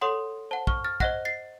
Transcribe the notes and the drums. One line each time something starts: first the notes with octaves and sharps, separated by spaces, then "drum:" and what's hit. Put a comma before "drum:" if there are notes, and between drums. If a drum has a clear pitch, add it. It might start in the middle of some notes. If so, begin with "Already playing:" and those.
A4 C#5 F#5 C6 D#6
C5 F#5 A5
C#6 F6, drum: kick
F6 A6
C5 D#5 F#5 F#6 A#6, drum: kick
A6 C7